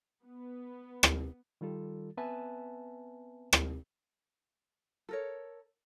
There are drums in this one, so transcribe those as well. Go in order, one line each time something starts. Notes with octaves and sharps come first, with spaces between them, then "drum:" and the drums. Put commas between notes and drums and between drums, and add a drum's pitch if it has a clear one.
B3
drum: rim click
D#3 G3 F4 A4
B3 C4 B4 E5 G#5 A5
drum: rim click
A4 A#4 C#5